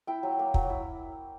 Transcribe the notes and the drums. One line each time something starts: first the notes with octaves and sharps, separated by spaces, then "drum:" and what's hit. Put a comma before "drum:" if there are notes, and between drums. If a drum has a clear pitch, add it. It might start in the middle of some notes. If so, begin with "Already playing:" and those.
E4 G5
F#3
A#3
F#3, drum: kick
E4